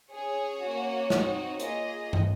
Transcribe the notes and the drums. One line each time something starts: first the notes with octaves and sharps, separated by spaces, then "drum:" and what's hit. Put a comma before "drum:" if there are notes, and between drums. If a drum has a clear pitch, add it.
C#4 G#4 C#5
A#3 C#4 F#4
C4 D#4 F#4, drum: snare
A#3 F4 G#4 D#5, drum: hi-hat
drum: tom